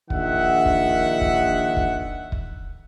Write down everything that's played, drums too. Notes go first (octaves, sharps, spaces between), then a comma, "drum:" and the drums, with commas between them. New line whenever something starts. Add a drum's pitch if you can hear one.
A#1 D#3 E5 F#5, drum: kick
drum: kick
drum: kick
drum: kick
drum: kick